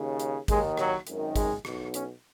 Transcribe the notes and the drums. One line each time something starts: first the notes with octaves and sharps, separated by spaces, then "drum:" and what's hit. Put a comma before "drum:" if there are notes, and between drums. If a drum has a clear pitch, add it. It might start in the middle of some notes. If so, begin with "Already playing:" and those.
Already playing: D#2 C#3
drum: hi-hat
D#2 D#3 G#3, drum: kick G#1, hi-hat
F#3, drum: rim click
G#1 F#2 D#3, drum: hi-hat
G#3, drum: kick G#1, hi-hat
B1 B2, drum: rim click
C#4, drum: hi-hat